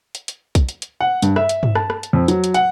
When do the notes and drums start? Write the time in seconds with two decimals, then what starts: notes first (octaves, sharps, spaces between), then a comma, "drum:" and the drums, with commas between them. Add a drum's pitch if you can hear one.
0.15 drum: hi-hat
0.28 drum: hi-hat
0.55 drum: kick, hi-hat
0.69 drum: hi-hat
0.82 drum: hi-hat
1.00 F#5
1.22 G2, drum: hi-hat
1.36 E5, drum: rim click
1.49 drum: hi-hat
1.63 drum: tom
1.75 A5, drum: rim click
1.90 drum: rim click
2.03 drum: hi-hat
2.13 F2
2.28 F#3, drum: hi-hat
2.44 drum: hi-hat
2.54 F#5, drum: hi-hat